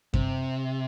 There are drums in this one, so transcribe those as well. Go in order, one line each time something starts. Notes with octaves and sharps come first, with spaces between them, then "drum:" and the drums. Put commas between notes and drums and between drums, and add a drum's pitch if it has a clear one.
C3, drum: kick F#2